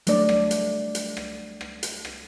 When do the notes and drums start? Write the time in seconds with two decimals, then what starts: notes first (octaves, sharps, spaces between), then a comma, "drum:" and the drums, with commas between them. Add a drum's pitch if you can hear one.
0.07 F#3 G3 A3 D4 D5, drum: hi-hat
0.29 drum: rim click
0.51 drum: hi-hat
0.95 drum: hi-hat
1.17 drum: rim click
1.61 drum: rim click
1.83 drum: hi-hat
2.05 drum: rim click